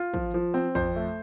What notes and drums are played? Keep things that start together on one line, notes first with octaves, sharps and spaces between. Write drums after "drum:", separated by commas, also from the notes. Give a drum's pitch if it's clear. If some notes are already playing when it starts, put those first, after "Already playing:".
Already playing: F4
F3, drum: kick
F3
C4
F2 C5, drum: kick
A3